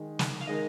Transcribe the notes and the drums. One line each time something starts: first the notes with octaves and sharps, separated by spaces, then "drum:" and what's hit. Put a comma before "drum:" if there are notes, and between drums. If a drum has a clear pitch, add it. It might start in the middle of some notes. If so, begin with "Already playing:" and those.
Already playing: D#3 G#3
drum: snare
F5
D#3 G#3 D#4 A#4 D#5